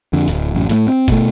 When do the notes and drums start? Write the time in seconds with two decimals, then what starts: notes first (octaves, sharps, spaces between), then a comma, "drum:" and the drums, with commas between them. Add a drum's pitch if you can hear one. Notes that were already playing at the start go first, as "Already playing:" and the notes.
0.13 F2 D3
0.28 D1, drum: hi-hat
0.55 A1 F#2
0.69 A2 F#3 A3, drum: hi-hat
0.88 C4
1.08 B2 A3, drum: kick, hi-hat